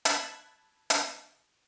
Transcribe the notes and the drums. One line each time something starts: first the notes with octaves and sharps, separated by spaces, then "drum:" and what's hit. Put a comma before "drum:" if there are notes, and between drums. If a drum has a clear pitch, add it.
A5 B5 E6 F#6 G#6, drum: hi-hat
drum: hi-hat